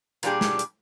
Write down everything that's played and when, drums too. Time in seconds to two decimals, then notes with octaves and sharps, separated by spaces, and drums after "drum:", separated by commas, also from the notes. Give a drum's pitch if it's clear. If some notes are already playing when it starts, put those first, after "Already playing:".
0.23 A#2 F#3 G3 D4 G4 G#4, drum: hi-hat
0.41 drum: snare
0.59 drum: hi-hat